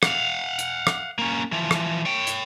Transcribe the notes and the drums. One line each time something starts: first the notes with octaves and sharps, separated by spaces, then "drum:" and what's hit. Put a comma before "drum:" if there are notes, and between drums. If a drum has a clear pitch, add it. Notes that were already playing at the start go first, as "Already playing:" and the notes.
F5 F#5, drum: rim click
drum: hi-hat
drum: rim click
A#3 C#4
E3 F3
drum: rim click
C#5 G5
drum: hi-hat